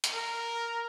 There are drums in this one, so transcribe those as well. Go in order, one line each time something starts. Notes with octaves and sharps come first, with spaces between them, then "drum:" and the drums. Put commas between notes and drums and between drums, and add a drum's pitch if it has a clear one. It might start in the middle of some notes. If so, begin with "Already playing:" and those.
drum: hi-hat
A#4